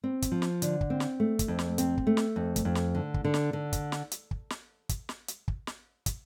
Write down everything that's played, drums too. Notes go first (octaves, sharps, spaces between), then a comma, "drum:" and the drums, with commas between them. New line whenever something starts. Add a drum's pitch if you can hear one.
C4
drum: kick, hi-hat
F3
drum: snare
D3, drum: hi-hat
drum: kick
C4
drum: snare
A3
drum: kick, hi-hat
F2
drum: snare
C4, drum: hi-hat
drum: kick
A3
drum: snare
F2
drum: kick, hi-hat
F2
drum: snare
D3
drum: kick
D3
drum: snare
D3
drum: kick, hi-hat
drum: snare
drum: hi-hat
drum: kick
drum: snare
drum: kick, hi-hat
drum: snare
drum: hi-hat
drum: kick
drum: snare
drum: kick, hi-hat